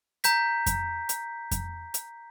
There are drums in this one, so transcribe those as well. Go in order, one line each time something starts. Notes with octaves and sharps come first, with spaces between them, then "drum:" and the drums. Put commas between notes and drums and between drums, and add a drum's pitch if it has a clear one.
A#5 G6 B6, drum: hi-hat
drum: kick F2, hi-hat
drum: hi-hat
drum: kick F2, hi-hat
drum: hi-hat